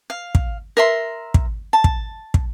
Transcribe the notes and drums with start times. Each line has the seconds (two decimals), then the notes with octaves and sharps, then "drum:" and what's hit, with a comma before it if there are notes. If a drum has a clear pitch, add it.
0.10 F5
0.35 drum: kick
0.77 A#4 E5 C6
1.34 drum: kick
1.73 A5
1.84 drum: kick
2.34 drum: kick